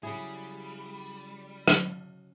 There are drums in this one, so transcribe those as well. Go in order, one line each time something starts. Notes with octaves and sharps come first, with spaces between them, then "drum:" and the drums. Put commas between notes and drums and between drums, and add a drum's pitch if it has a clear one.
C#3 F#3 G3 E4 G#4 B5
drum: rim click